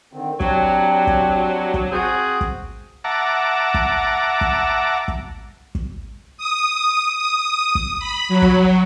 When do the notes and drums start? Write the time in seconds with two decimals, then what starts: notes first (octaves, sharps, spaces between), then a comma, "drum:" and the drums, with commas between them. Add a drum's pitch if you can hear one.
0.13 D3 D#3 C4
0.40 F#3 C4 D4 G4, drum: kick
1.07 drum: kick
1.74 drum: kick
1.92 C4 F#4 G#4
2.41 drum: kick
3.04 E5 F#5 A5 A#5 D6
3.74 drum: kick
4.41 drum: kick
5.08 drum: kick
5.75 drum: kick
6.38 D#6
7.17 D#6
7.75 drum: kick
7.99 B5
8.29 F#3
8.42 drum: kick